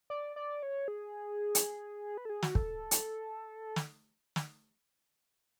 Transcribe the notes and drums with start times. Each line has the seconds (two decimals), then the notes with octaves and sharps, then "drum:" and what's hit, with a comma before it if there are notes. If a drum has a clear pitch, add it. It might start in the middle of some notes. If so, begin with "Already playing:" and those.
0.10 D5
0.36 D5
0.63 C#5
0.88 G#4
1.55 drum: hi-hat
2.17 B4
2.25 A4
2.29 G#4
2.43 F#4, drum: snare
2.55 A4, drum: kick
2.91 drum: hi-hat
3.76 drum: snare
4.36 drum: snare